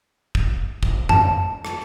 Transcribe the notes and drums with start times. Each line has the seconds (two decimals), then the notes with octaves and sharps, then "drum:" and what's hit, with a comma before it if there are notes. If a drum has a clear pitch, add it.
0.35 drum: kick
0.83 drum: kick
1.09 A5, drum: tom F2
1.65 drum: rim click